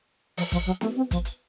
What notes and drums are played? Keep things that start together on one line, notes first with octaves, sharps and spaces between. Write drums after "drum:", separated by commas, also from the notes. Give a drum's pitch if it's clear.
F3, drum: open hi-hat
F3, drum: kick, hi-hat
F#3
A3, drum: snare B3
C4
F3, drum: kick, hi-hat
drum: hi-hat